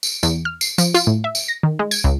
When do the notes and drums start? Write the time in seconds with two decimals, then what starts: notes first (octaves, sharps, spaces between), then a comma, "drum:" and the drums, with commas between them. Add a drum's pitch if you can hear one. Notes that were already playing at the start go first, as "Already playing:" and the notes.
0.03 drum: tambourine
0.23 E2, drum: tambourine
0.45 F6
0.61 C7, drum: tambourine
0.78 F3, drum: tambourine
0.94 F4, drum: tambourine
1.07 A2
1.24 E5
1.35 drum: tambourine
1.48 A#6
1.63 D#3
1.79 G#3
1.91 G#6, drum: tambourine
2.04 C#2